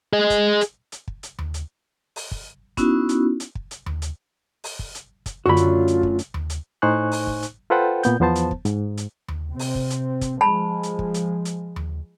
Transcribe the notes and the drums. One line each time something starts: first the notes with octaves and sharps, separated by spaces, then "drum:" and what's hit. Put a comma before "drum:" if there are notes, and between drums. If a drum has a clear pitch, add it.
G#4 D#5
drum: kick, hi-hat
drum: hi-hat
drum: hi-hat
drum: kick
drum: hi-hat
drum: tom D#2
drum: hi-hat
drum: open hi-hat
drum: kick
B3 C#4 D#4 E4 F#4, drum: kick, hi-hat
drum: hi-hat
drum: hi-hat
drum: kick
drum: hi-hat
drum: tom D#2
drum: hi-hat
drum: open hi-hat
drum: kick
drum: hi-hat
drum: kick, hi-hat
F#2 D3 A3 F4 F#4 B5
drum: hi-hat
drum: hi-hat
drum: kick
drum: hi-hat
drum: tom D#2
drum: hi-hat
A2 D#4 C5 G#5 C#6 F#6
drum: open hi-hat
drum: kick
drum: hi-hat
F4 A4 B4 C5 F#5 G5
A#2 B3 G6, drum: hi-hat
E2 F3 B3 C5 A5
drum: hi-hat
drum: kick
G#2, drum: hi-hat
drum: hi-hat
drum: tom D#2
C3 C4
drum: open hi-hat
drum: kick
drum: hi-hat
drum: kick, hi-hat
F3 G#3 A5 B5
drum: hi-hat
drum: kick
drum: hi-hat
drum: hi-hat
drum: tom D#2